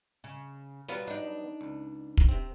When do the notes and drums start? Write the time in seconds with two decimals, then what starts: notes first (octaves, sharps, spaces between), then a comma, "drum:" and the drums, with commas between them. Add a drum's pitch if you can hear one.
0.24 C#3
0.89 F#3 G3 B3 F4 B4
1.07 D4 D#4
1.61 C#2
2.17 drum: kick
2.29 C3 C4